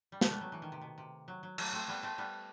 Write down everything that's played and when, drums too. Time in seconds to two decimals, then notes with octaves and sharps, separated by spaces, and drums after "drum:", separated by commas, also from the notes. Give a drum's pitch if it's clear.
0.12 G3
0.21 A3, drum: snare
0.31 G3 B3
0.41 F#3
0.52 E3
0.62 D#3
0.72 C3
0.81 B2
0.98 C3
1.28 F#3
1.43 F#3
1.58 F#3 A3, drum: cymbal
1.73 A3 C4
1.88 G3 B3
2.03 A3 C4
2.18 G3 B3